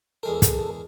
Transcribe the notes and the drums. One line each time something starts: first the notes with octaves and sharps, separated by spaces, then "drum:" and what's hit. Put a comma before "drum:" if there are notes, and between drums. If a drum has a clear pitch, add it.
E2 G#3 A4 A#4
drum: kick, hi-hat